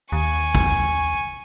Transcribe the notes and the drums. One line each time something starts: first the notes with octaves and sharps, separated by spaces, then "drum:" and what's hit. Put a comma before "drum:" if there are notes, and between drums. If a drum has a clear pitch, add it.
D#2 G#5 C#6
drum: kick